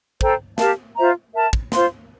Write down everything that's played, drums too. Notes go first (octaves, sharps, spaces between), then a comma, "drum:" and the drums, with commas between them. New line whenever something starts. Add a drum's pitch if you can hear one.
A4 C5 G5 A#5, drum: kick
G4 A#4 F5 A5, drum: snare
F4 C5 E5 A#5
A#4 E5 A5
drum: kick
F4 C5 F5 C6, drum: snare